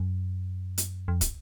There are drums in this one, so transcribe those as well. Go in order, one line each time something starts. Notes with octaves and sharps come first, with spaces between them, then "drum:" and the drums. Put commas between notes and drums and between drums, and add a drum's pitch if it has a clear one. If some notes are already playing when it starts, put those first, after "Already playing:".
Already playing: F#2
drum: hi-hat
F2
drum: kick, hi-hat